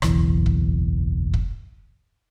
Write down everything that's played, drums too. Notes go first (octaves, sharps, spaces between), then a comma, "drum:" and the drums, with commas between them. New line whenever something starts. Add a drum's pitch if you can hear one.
F#1 B1 E2 E3, drum: rim click
drum: kick
drum: kick